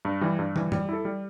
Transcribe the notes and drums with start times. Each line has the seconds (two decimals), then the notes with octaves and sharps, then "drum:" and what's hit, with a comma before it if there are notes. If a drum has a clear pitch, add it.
0.05 G2
0.21 E3 G3
0.39 G2
0.56 E3 G3, drum: tom
0.72 G3, drum: tom F#2
0.89 E4 A4
1.05 G3